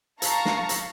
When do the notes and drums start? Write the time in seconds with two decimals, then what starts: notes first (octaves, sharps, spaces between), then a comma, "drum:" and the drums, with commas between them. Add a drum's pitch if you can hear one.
0.22 F5 A5 A#5 C#6, drum: hi-hat
0.45 drum: snare
0.69 drum: hi-hat